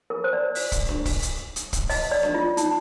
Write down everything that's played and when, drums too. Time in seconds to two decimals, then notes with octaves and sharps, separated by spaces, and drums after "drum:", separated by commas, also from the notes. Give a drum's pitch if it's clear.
0.10 A#4
0.24 C5
0.33 D5
0.55 drum: open hi-hat
0.72 drum: kick, hi-hat
0.89 drum: snare D4
1.05 drum: kick, open hi-hat
1.22 drum: hi-hat
1.56 drum: hi-hat
1.73 drum: kick, hi-hat
1.90 D#5, drum: open hi-hat
2.11 D5
2.23 drum: snare D4
2.34 F4
2.57 D#4, drum: hi-hat